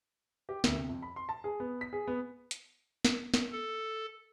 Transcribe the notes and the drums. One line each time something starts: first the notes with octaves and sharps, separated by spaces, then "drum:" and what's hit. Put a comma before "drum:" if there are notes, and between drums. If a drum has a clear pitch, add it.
G4
D2, drum: snare
C3
F2
B5
C6
A5
G#4
B3
B6
G#4
B3
drum: hi-hat
drum: snare
drum: snare
A4